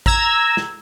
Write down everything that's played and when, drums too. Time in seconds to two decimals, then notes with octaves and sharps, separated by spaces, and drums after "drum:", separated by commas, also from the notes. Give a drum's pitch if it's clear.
0.06 A#5 E6 G#6, drum: kick, hi-hat
0.57 drum: snare